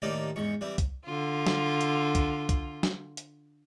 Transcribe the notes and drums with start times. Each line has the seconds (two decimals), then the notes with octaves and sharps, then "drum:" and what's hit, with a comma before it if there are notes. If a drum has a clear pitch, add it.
0.02 D#2 A2 A#3 D#4 G4 D5
0.36 E2 G#2 C#6
0.61 E3 G3 C4
0.78 drum: kick, hi-hat
1.05 D3 F4
1.47 drum: snare
1.81 drum: hi-hat
2.15 drum: kick, hi-hat
2.49 drum: kick, hi-hat
2.83 drum: snare
3.17 drum: hi-hat